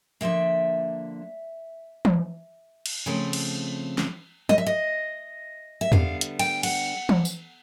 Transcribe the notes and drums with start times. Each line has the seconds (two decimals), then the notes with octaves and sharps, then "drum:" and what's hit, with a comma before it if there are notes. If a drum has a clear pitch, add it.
0.21 D3 F3 A#3 E5
2.05 drum: tom E3
2.86 drum: cymbal
3.06 C#3 F3 A3 C4
3.33 drum: cymbal
3.98 drum: snare
4.49 D#5, drum: tom
4.58 E5
4.66 D#5
5.81 E5
5.92 D3 G3 B3 F5, drum: tom E2
6.21 drum: hi-hat
6.39 G5, drum: cymbal
6.63 F#5, drum: cymbal
7.09 drum: tom E3
7.25 drum: tambourine